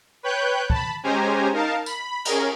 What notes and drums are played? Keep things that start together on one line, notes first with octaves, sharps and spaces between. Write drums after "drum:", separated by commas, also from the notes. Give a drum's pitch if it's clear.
B4 C#5 G5 F#6 G6
A5 B5, drum: kick
G#3 C#4 G4 C5 G#5 A#5
D#4 A#4 F5 A5
B5, drum: tambourine
C#4 G#4 A#4, drum: cymbal